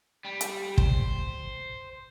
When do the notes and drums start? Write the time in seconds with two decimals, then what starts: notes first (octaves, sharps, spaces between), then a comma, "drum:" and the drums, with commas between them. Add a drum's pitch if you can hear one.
0.25 G3
0.41 drum: hi-hat
0.78 C5, drum: kick